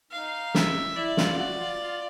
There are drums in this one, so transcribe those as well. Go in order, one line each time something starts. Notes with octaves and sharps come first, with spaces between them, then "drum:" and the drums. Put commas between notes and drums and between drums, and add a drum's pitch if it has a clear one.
D#4 F5
E5, drum: snare
E4 D5
F4, drum: snare
F4
F#4
F4
F4